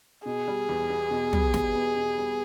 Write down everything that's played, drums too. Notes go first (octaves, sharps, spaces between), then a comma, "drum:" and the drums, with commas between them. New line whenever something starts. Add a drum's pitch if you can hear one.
B2 G#4
G3
E2
B3
B2
G3, drum: tom
E2, drum: snare
B3
B2
G3